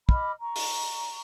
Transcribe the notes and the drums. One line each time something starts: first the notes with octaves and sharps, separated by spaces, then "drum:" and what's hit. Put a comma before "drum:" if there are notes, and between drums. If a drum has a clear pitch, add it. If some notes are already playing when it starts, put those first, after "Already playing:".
D#5 B5 D6 F6, drum: kick
A#5 C#6
drum: open hi-hat